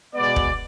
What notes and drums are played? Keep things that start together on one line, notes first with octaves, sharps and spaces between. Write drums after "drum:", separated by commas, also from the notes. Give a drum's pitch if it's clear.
B2 G#3 B3 D5
drum: kick